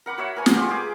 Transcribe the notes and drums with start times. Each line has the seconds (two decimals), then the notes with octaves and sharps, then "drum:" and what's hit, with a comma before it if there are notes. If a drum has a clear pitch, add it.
0.06 A#4 F#5 B5 D6
0.18 F#4 C#5 E5
0.36 A#4 B4 G#5 A#5
0.46 drum: snare
0.56 G#3 F4 G4
0.68 G#4 D6